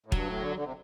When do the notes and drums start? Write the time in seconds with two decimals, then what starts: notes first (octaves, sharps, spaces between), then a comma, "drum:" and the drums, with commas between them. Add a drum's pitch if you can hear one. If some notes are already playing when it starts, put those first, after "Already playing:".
0.06 A2
0.12 G2 F#3, drum: kick E1
0.27 A2
0.42 D3
0.57 D3
0.65 C3